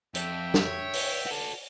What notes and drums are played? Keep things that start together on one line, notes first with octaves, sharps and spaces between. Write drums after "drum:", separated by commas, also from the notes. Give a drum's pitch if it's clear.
F2 E5 G5, drum: hi-hat
drum: snare
C#5
drum: open hi-hat
F#4 A4